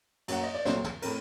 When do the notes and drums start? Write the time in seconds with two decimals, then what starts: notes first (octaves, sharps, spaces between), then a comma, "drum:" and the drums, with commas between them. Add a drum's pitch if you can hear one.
0.28 F#2 F#3 A#3 F#5, drum: cymbal
0.43 D#5
0.55 D5
0.65 C2 A#2 F#3 A3 C5, drum: snare
0.84 drum: tom
1.02 A2 A3 C4 A#4, drum: cymbal